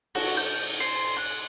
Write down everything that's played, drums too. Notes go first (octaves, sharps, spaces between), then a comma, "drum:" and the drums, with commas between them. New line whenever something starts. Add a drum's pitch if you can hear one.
F#4, drum: cymbal
G6
C5
F#6